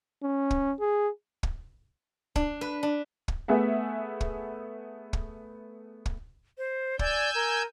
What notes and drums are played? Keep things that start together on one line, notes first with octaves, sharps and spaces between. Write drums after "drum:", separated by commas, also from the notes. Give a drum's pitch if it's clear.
C#4
drum: kick
G#4
drum: kick
D4, drum: kick
B4
D4
drum: kick
A3 B3 G#4 E5 F#5
drum: kick
drum: kick
drum: kick
C5
D5 G#5 E6 G6, drum: kick
A#4